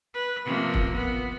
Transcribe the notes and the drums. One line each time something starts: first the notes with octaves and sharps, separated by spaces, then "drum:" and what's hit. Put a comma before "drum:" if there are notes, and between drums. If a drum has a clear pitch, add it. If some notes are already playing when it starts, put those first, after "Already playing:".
B4
C3 F3 A#3
drum: kick
B3